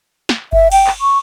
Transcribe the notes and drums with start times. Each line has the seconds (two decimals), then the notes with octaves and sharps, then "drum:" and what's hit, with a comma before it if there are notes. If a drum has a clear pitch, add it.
0.29 drum: snare
0.53 E5, drum: kick G1
0.72 G5, drum: cymbal
0.87 drum: clap
1.01 C#6